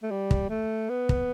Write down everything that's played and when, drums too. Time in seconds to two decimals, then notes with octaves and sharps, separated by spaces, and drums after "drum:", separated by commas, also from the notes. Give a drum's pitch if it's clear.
0.03 A3
0.11 G3
0.31 drum: kick
0.50 A3
0.89 B3
1.09 drum: kick